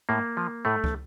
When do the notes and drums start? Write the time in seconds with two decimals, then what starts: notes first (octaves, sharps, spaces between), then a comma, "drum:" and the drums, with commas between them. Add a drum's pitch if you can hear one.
0.09 A2 A#3
0.37 F3
0.65 A2 A3
0.84 drum: kick